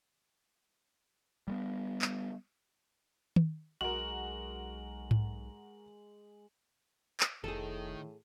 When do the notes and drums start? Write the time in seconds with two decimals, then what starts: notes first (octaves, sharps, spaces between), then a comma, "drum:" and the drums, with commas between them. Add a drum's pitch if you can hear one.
1.48 G3 G#3 B3
2.02 drum: clap
3.36 drum: tom D#3
3.81 B1 G#3 F#4 A#4 F#7
5.11 drum: tom G#2
7.20 drum: clap
7.44 F1 A2 D#3 G#4 A4